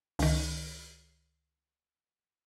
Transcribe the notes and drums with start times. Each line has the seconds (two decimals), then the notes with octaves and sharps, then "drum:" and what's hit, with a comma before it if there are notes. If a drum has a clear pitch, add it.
0.19 C#2 D#3, drum: open hi-hat